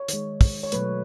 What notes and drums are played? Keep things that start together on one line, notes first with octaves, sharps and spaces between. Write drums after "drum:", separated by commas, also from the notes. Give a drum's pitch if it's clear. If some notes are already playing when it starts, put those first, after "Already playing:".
Already playing: C#5
D#3 G#3, drum: hi-hat
drum: kick, open hi-hat
C#5
B2 F#3 A3 B4, drum: hi-hat